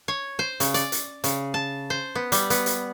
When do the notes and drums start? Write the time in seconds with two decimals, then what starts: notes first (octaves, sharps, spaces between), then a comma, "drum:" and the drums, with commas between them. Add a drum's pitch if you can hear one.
0.08 C#5
0.39 C5
0.60 C#3, drum: hi-hat
0.74 D5, drum: hi-hat
0.92 drum: hi-hat
1.24 C#3, drum: hi-hat
1.54 A5
1.90 C5
2.15 B3
2.32 G3, drum: hi-hat
2.50 B3, drum: hi-hat
2.66 drum: hi-hat